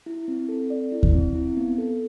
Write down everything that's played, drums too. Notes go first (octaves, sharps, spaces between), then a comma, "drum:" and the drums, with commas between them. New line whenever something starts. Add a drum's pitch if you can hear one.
E4
C4
A4
D5
E4
drum: kick D#2
C4
E4
B3
A4